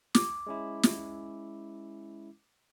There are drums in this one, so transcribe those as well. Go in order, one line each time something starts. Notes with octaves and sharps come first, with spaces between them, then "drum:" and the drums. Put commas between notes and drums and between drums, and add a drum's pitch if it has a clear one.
D6, drum: snare
G#3 C#4 E4
drum: snare